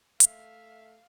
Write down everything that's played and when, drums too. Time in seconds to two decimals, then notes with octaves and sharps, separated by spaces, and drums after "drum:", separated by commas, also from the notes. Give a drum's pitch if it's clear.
0.20 A3 E5 F5, drum: hi-hat